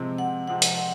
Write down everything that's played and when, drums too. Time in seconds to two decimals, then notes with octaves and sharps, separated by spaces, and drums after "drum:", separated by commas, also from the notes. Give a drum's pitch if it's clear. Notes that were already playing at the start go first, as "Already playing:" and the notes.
Already playing: C3 F3 G#3 C4
0.18 F#5
0.48 C3 F3 G#3 C4 F#5
0.62 drum: hi-hat
0.76 F#5